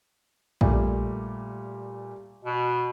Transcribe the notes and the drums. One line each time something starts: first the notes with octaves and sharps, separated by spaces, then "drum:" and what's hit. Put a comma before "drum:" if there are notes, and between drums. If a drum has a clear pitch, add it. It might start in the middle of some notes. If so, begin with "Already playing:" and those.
A#2 G3 A3, drum: kick A#1
B2